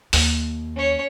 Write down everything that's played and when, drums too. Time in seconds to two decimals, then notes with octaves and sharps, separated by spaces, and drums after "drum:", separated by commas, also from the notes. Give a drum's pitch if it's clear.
0.13 D#2, drum: open hi-hat
0.76 C#4 C#5